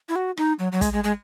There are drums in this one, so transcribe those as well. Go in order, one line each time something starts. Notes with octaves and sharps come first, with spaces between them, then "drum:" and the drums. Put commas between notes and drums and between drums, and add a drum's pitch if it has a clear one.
E4
F#4
D#4, drum: rim click
F#3
F#3
G#3, drum: kick, hi-hat
G#3
G#3